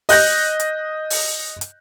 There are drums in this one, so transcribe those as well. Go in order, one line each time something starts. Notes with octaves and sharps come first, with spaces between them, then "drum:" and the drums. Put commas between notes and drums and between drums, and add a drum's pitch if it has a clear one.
D#5 F#6 G6 A#6, drum: open hi-hat
drum: hi-hat
drum: open hi-hat
drum: hi-hat